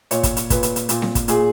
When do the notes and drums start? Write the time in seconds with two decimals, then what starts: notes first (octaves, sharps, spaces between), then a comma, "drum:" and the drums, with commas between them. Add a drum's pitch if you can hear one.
0.11 A#2 C#5, drum: hi-hat
0.23 drum: kick, hi-hat
0.37 drum: hi-hat
0.50 A#2 B4, drum: kick, hi-hat
0.63 drum: hi-hat
0.76 drum: hi-hat
0.89 A#2, drum: hi-hat
1.02 drum: snare C4
1.15 drum: kick, hi-hat
1.28 A#2 G#4, drum: hi-hat